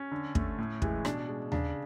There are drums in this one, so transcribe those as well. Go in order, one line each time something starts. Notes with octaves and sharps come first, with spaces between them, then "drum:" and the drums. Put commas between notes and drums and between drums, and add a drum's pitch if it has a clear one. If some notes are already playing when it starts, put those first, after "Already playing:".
Already playing: C#4
D3
A3, drum: kick
A2
E3 G#3, drum: kick
B2 D4, drum: rim click
G#3
C#3 D4, drum: tom D#2